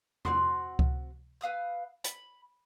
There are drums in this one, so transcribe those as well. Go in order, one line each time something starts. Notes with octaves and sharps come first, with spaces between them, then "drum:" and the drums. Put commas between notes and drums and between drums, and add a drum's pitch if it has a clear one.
C4 F#4 C6, drum: tom E2
drum: kick C#2
B4 F5 D#6 E6
B5, drum: hi-hat